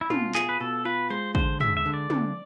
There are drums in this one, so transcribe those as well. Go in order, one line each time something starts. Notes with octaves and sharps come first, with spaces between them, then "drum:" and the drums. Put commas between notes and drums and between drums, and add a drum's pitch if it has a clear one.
E4
B2 F4, drum: tom
F4 G#4, drum: clap
B4
B2 A4
F4 B4
G#3 C5
D3 C5, drum: kick
G#3 E5, drum: tom
E5
D3
D5
D3, drum: tom